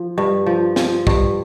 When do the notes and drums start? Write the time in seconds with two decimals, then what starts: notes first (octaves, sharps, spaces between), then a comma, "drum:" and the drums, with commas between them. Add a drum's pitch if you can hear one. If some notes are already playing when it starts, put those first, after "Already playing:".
Already playing: F3
0.18 G2
0.46 F3
0.76 F3, drum: snare
1.07 G2, drum: kick